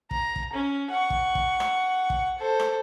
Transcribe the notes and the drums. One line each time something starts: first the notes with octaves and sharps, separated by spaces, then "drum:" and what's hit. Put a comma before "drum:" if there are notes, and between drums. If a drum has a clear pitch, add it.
A#5, drum: kick
drum: kick
C#4
F#5 C#6
drum: kick
drum: kick
drum: rim click
drum: kick
A4 C5
drum: rim click